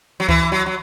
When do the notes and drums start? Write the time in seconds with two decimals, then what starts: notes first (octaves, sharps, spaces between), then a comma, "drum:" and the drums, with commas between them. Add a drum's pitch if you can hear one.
0.20 F#3
0.29 E3, drum: kick C#2
0.52 F#3
0.66 F#3